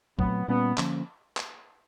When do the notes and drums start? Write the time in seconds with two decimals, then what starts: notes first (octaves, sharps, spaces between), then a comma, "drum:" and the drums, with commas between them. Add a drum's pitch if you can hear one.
0.19 A#2 F#3 A3 B3 C4, drum: kick
0.48 A#2 G3 A#3 B3 C#4
0.78 D3 F3 A#3 C#4, drum: clap
1.37 drum: clap